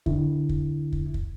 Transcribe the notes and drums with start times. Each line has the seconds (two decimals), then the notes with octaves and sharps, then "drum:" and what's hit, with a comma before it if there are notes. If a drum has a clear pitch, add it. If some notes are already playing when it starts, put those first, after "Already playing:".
0.06 D3 E4, drum: kick
0.49 drum: kick
0.92 drum: kick
1.14 drum: kick